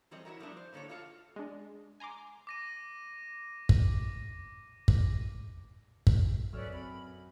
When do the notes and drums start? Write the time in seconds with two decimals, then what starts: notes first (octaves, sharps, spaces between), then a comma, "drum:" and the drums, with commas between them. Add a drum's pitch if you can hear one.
0.11 E3 F#3 G3 C4 A4 D#5
0.24 E4 F#4 A4 A#4 C#5
0.40 F3 G3 A3 B3 D4 E4
0.57 C5
0.73 A2 D3 A#3 A4 C#5
0.89 F4 F#4 A4 D5 F5
1.36 G#3 D4
2.00 G#5 A#5 C6 D6
2.47 D6 A#6 D#7
3.69 drum: kick
4.88 drum: kick
6.07 drum: kick
6.53 F#2 C#4 A4 B4 D5 E6 F6
6.71 C4 B5